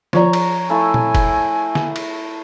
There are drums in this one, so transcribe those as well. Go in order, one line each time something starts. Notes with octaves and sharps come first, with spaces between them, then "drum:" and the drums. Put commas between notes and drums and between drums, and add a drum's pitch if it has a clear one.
F3 F4 C#5 D5 A#5, drum: snare
drum: cymbal
A3 E4 G#5
drum: tom A#2
drum: kick, cymbal
drum: snare
drum: cymbal